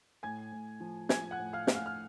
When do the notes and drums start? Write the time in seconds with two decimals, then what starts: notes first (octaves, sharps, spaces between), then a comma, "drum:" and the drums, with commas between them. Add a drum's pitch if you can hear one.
0.23 A2 G#5 G#6
0.52 A2
0.80 F3
1.09 F3 G#5 G#6, drum: snare
1.31 F#5 F#6
1.39 A2
1.53 F5 F6
1.67 A2, drum: snare
1.75 F5 F6
1.86 F6